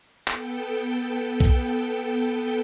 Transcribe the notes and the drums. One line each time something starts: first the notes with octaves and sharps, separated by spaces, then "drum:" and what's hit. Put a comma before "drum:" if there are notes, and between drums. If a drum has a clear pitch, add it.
B3 A4 G5, drum: clap
drum: kick B1